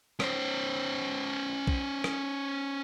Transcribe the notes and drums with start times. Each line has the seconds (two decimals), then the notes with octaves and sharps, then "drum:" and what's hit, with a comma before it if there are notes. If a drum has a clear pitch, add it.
0.20 C#4 C5, drum: rim click
1.67 drum: kick
2.04 drum: rim click